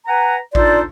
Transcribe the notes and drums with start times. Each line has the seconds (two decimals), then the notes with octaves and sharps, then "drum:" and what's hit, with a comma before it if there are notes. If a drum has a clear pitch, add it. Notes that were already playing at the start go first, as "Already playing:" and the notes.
0.07 B4 F#5 G#5 A#5
0.55 D4 D#4 F4 A4 C5 D5, drum: kick A1